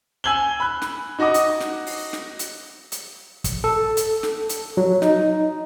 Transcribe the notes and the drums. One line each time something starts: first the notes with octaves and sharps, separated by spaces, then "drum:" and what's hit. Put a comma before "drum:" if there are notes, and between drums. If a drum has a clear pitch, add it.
G#5 E6 G#6 F#7 G7
B5 F#6
drum: snare
D#4 F#4 D#5 D6 D#6
drum: hi-hat
drum: snare
drum: open hi-hat
drum: snare
drum: hi-hat
drum: hi-hat
drum: kick, hi-hat
A4
drum: hi-hat
drum: snare
drum: hi-hat
F#3
D#4, drum: snare